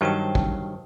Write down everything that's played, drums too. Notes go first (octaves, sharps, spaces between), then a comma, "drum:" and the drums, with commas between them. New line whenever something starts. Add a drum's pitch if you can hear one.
G2 D#3 F#3 C5 G5 A5
drum: kick